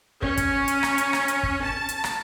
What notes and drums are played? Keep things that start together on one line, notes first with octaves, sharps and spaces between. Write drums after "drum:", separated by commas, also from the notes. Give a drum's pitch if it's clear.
C#4, drum: kick
drum: kick, hi-hat
drum: hi-hat
drum: rim click
drum: hi-hat
drum: rim click
drum: hi-hat
drum: kick
A5
drum: hi-hat
drum: rim click